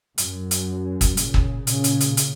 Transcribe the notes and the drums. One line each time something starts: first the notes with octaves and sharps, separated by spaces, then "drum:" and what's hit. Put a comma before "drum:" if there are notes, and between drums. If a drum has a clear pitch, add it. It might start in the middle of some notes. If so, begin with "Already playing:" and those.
F#2, drum: hi-hat
drum: hi-hat
drum: kick, hi-hat
A#2 C#3, drum: hi-hat
drum: kick
A#2 C#3, drum: hi-hat
drum: hi-hat
drum: hi-hat
drum: hi-hat